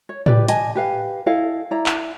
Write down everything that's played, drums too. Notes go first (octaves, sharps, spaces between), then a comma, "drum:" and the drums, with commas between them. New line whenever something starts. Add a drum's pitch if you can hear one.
C#5
G4 B4 D5, drum: tom A2
D#5 G#5 A5, drum: hi-hat
G4 B4 F5
E4 A4 D#5 F5
E4 D5 A#5
drum: clap